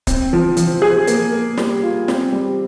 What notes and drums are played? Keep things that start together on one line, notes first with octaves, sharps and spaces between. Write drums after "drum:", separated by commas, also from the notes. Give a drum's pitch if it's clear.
C4, drum: kick, hi-hat
F3
F3, drum: hi-hat
G#4
A#3, drum: hi-hat
A#3
G3, drum: snare
F4
C4, drum: snare
G3